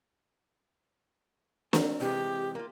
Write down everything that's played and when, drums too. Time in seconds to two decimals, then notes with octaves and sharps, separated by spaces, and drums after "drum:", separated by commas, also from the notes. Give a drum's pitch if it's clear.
1.73 C4 A#4, drum: snare
2.00 C3 E3 G#3 G4
2.55 A#3 F4